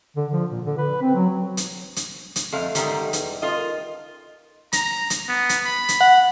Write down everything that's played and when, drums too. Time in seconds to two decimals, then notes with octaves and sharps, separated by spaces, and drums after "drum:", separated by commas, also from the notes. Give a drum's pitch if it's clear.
0.16 D3
0.32 F3
0.51 A#2
0.65 D3
0.78 B4
1.01 C4
1.15 F#3
1.57 drum: hi-hat
1.96 drum: hi-hat
2.36 drum: hi-hat
2.52 F2 A3 F5
2.75 G#2 D#3 G3, drum: hi-hat
3.13 E2, drum: hi-hat
3.42 A3 F4 D#5
3.55 D#3
4.73 A#5, drum: hi-hat
5.10 drum: hi-hat
5.28 B3
5.49 drum: hi-hat
5.65 B5
5.89 drum: hi-hat
6.01 F#5